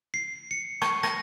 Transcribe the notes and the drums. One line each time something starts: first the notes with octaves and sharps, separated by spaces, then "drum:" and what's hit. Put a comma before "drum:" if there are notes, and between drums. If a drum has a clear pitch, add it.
C7
C#7
C#6, drum: rim click
A#6, drum: rim click